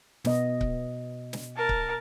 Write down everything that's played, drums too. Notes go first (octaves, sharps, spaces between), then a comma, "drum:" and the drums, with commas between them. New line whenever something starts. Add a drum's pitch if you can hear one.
B2 B3 D#5, drum: snare
drum: kick C#1
drum: snare
A#4 A5
drum: kick C#1